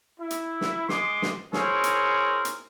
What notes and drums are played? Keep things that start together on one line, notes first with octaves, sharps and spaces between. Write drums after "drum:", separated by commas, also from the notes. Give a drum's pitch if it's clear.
E4
drum: hi-hat
drum: snare
G#3 C6 D6 D#6, drum: snare
drum: snare
E4 G#4 A#4 C5 C#5, drum: snare
drum: hi-hat
drum: hi-hat